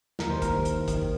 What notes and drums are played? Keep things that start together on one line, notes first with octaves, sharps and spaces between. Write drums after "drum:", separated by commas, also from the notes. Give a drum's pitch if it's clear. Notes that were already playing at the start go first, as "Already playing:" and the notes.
D#2 A#4, drum: snare
C5
D#2 A#4, drum: kick, hi-hat
D#3, drum: hi-hat
D#3, drum: kick, hi-hat